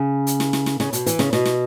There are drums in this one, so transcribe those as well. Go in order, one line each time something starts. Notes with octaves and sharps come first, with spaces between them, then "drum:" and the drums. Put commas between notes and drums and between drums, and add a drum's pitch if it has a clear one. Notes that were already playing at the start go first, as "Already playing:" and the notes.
Already playing: C#3
drum: hi-hat
drum: snare
drum: snare
drum: snare
C#3, drum: snare
B2, drum: hi-hat
E3, drum: hi-hat
C#3, drum: snare
B2, drum: snare
drum: snare